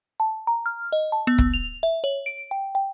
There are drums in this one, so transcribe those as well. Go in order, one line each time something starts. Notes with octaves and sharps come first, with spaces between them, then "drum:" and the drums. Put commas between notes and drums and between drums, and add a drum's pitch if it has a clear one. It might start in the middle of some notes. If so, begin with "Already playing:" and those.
A5
A#5
F6
D#5
A5
B3
drum: kick
F7
E5
C#5
D7
G5
G5